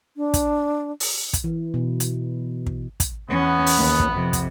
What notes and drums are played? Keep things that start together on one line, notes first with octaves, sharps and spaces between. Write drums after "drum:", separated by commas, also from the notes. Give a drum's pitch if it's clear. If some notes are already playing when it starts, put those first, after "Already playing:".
D4
drum: kick, hi-hat
drum: open hi-hat
drum: kick, hi-hat
E3
B2
drum: hi-hat
drum: kick
drum: kick, hi-hat
E2 B3 C#4
drum: open hi-hat
D#2
drum: kick
F2 C3
drum: kick, hi-hat